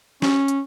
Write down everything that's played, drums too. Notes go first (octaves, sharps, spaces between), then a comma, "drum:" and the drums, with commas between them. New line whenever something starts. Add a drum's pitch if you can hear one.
C#4, drum: snare
drum: hi-hat